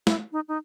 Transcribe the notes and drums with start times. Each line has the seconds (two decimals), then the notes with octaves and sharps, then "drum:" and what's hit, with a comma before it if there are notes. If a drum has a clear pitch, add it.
0.07 E4, drum: snare
0.32 D#4
0.48 D#4